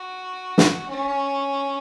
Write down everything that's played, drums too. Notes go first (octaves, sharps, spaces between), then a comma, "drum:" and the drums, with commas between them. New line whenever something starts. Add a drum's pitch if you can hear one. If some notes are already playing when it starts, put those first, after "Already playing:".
Already playing: F#4
drum: snare
C#4